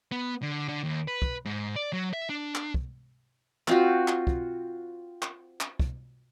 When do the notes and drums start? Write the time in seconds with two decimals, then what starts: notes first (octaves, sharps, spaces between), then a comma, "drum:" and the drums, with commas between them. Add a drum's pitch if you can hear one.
0.12 B3
0.42 D3
0.68 D3
0.84 D#2
1.08 B4
1.22 drum: kick
1.45 G#2
1.76 D5
1.93 F#3
2.13 E5
2.29 D4
2.55 drum: clap
2.74 drum: kick
3.68 C4 F4 F#4, drum: clap
4.08 drum: clap
4.27 drum: kick
5.22 drum: clap
5.60 drum: clap
5.80 drum: kick